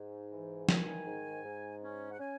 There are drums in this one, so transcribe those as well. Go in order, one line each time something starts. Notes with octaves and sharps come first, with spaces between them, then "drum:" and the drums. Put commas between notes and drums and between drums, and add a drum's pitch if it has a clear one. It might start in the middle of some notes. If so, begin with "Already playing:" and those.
Already playing: G#2
E3
D#3 G#5, drum: snare
G#2
G#2
C#4
F#5
C#4 G#5